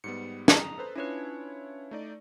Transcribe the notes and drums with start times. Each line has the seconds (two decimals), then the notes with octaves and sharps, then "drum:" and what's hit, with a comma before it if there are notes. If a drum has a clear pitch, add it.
0.04 G#2 G3 B3 C#7
0.48 A#5 D#6, drum: snare
0.78 A4 B4 C5
0.95 C#4 D4 E4 F4 B4 C#5
1.91 A3 D#4 D5